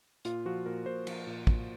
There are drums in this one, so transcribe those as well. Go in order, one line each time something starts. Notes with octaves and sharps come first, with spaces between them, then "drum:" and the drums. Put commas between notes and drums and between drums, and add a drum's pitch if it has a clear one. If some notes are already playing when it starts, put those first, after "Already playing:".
A#2 F4, drum: hi-hat
F3 F#4
A#2 A#4
A#2 C5
F3, drum: cymbal
A#2
A#2, drum: kick